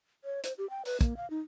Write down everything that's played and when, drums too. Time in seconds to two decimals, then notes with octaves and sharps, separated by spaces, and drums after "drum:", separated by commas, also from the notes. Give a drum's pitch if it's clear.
0.24 C#5
0.44 C5, drum: hi-hat
0.58 G4
0.70 G5
0.85 B4, drum: open hi-hat
1.01 A#3, drum: kick, hi-hat
1.17 F5
1.30 D#4